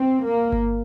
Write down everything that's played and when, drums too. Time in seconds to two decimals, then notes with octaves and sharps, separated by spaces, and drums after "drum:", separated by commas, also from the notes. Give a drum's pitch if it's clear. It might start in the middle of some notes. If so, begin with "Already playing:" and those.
Already playing: C4
0.25 A#3
0.52 drum: kick G1